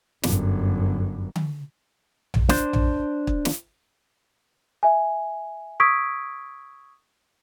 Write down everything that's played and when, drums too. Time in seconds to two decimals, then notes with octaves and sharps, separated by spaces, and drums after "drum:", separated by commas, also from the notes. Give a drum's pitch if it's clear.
0.23 G1 F#2, drum: snare
1.36 drum: tom D3
2.34 drum: tom A#1
2.49 D4 C5, drum: snare
2.73 drum: tom A#1
3.27 drum: kick
3.45 drum: snare
4.83 E5 G#5
5.80 C#6 D#6 E6 G#6 B6 D7